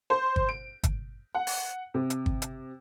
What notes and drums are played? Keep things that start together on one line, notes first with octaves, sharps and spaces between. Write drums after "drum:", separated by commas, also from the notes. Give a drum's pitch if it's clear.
C5
drum: kick G1
D7
drum: kick G1, hi-hat
F#5
drum: open hi-hat
C3
drum: hi-hat
drum: kick G1
drum: hi-hat